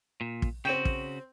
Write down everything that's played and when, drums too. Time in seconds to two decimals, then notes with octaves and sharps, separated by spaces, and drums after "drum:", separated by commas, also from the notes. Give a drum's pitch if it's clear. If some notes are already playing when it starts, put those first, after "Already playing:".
0.21 A#2
0.42 drum: kick
0.65 C#3 C4 F#4 G5
0.85 drum: kick